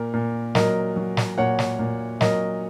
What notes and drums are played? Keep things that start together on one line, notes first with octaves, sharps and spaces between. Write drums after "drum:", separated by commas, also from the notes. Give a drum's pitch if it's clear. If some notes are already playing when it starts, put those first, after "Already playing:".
Already playing: A#2 A#4
A#2
F#3 A#4 D#5, drum: snare
F#3
drum: snare
A#2 C#5 F#5
drum: snare
A#2
F#3 A#4 D#5, drum: snare